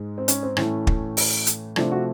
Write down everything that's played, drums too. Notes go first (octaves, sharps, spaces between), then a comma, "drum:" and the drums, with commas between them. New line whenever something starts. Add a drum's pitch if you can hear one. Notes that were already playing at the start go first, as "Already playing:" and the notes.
Already playing: G#2 G#3
C4
C#4, drum: hi-hat
C4
A2 E3 A3 C#4, drum: rim click
drum: kick
drum: open hi-hat
drum: hi-hat
C3 F3 A3 D4, drum: rim click
F#4